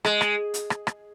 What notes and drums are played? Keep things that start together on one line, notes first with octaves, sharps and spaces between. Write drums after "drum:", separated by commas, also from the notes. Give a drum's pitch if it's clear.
G#3, drum: rim click
drum: rim click
drum: hi-hat
drum: rim click
drum: rim click